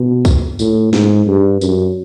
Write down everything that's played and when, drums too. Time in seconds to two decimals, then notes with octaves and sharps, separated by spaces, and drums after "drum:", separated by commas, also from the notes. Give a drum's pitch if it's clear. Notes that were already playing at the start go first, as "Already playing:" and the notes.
Already playing: B2
0.25 drum: kick C2, tambourine
0.59 A2, drum: tambourine
0.93 G#2, drum: snare
1.27 G2
1.61 F#2, drum: tambourine